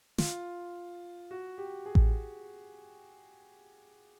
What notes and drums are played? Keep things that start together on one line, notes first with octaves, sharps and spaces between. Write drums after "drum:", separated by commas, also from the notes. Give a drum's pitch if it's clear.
F4, drum: snare
F#4
G4
G#4
drum: kick A1